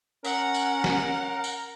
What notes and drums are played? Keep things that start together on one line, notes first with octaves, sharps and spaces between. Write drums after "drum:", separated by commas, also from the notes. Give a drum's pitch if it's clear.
C#4 A#4 F#5, drum: tambourine
drum: tambourine
drum: snare
drum: tambourine